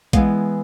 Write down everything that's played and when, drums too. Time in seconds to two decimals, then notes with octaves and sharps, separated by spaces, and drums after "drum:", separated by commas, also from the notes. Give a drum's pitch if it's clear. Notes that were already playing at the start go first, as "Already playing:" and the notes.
0.13 E3 G#3 B3 F5, drum: kick, hi-hat